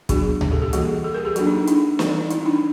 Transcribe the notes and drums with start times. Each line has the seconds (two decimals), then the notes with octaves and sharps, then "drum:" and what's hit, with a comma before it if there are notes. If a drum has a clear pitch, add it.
0.09 F#3 B3 D4 F#4 G#4, drum: kick, hi-hat
0.41 drum: tom C#2
0.51 G4 A4
0.62 G4 A4
0.73 E3 G3 A#3 F#4 G#4, drum: hi-hat
1.04 G4 A4
1.14 G#4 A#4
1.25 G4 A4
1.36 F#3 A#3 D4 F#4 G#4, drum: hi-hat
1.47 D#4
1.57 D#4
1.67 D4 E4, drum: hi-hat
1.99 E3 G3 C4 D#4, drum: snare
2.21 D#4
2.30 E4, drum: hi-hat
2.38 D#4
2.46 D4 E4